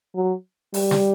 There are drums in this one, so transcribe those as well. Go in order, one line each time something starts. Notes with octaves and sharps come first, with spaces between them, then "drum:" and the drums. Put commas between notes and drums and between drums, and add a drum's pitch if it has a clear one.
F#3
G3, drum: open hi-hat
drum: snare